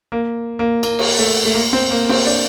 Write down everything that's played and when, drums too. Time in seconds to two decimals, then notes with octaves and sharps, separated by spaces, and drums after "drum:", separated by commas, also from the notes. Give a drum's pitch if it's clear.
0.12 A#3
0.59 A#3
0.83 A#3, drum: cymbal
0.99 drum: cymbal
1.19 A3
1.45 A3
1.54 A#3
1.73 C4
1.91 A#3
2.09 C4, drum: cymbal
2.27 D4